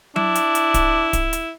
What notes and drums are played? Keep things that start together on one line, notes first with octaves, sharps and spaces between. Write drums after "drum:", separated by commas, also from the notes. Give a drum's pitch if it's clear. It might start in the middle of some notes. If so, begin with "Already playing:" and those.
D4 E4, drum: tom F#3
drum: hi-hat
drum: hi-hat
drum: kick D1, hi-hat
drum: kick D1, hi-hat
drum: hi-hat